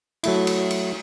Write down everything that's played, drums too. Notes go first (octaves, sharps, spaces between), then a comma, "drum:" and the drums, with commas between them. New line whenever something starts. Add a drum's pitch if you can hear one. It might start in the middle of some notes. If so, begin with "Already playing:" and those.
F#3 A3 E4, drum: cymbal
drum: cymbal
drum: cymbal